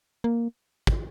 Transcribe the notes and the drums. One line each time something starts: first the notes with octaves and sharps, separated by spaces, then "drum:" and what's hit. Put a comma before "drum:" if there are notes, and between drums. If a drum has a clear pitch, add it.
A#3
drum: kick